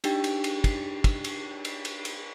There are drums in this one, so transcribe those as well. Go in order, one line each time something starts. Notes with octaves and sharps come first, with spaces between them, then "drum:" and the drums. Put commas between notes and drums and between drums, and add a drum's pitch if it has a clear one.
D4 D#4 G4 G5, drum: cymbal
drum: cymbal
drum: cymbal
drum: kick, cymbal
drum: kick, cymbal
drum: cymbal
drum: cymbal
drum: cymbal
drum: cymbal